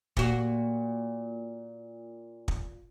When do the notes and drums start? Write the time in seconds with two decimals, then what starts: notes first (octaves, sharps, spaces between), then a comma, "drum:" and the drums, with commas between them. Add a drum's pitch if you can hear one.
0.17 A#2 F#4, drum: kick
2.48 drum: kick